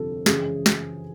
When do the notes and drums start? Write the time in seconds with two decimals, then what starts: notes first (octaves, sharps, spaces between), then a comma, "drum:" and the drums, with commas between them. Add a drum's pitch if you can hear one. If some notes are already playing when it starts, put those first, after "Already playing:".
Already playing: G1 F2 C3 F3 A4
0.26 F#2 C#3 E3 G#3 G#4, drum: snare
0.66 drum: snare